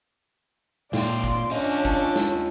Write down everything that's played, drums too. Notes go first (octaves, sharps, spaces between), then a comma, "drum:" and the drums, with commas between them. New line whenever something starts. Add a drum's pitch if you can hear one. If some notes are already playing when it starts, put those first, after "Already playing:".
A#2 D5 G5 C6, drum: snare
drum: kick
C#4 D4 F4 D#5
drum: kick
drum: snare